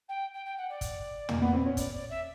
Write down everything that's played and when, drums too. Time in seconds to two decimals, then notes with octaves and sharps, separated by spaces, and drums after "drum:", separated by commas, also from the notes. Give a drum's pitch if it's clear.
0.08 G5
0.33 G5
0.45 G5
0.57 F#5
0.69 D5
0.81 drum: kick, hi-hat
1.29 A#3, drum: tom
1.41 B3
1.53 C4
1.66 C#4
1.77 D5, drum: kick, hi-hat
1.93 D5
2.09 E5